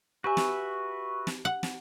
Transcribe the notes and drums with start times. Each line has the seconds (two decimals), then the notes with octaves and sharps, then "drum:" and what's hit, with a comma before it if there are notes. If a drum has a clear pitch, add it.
0.24 F#4 G4 B4 E5 G#5 C#6
0.37 drum: snare
1.27 drum: snare
1.45 F#5
1.63 drum: snare